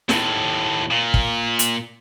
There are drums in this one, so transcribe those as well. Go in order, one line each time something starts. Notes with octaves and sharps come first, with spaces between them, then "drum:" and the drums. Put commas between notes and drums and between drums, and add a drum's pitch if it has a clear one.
D#2 A2, drum: snare
A#2
drum: kick
drum: hi-hat